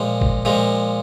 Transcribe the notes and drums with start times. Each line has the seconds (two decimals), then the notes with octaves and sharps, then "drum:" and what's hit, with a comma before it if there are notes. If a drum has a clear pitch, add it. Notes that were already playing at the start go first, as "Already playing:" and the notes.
Already playing: A#2 F3 G#3
0.21 drum: kick G#1
0.45 A#2 F3 G#3